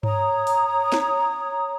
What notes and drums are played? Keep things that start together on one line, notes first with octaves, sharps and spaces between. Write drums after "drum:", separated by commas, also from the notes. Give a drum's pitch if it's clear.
C#5 A#5 D#6, drum: tom G2
drum: open hi-hat
drum: snare